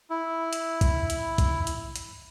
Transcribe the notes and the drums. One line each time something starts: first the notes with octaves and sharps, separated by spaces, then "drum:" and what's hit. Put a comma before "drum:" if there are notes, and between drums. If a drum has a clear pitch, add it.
E4
drum: hi-hat
drum: kick, hi-hat
drum: hi-hat
drum: kick, hi-hat
drum: hi-hat
drum: hi-hat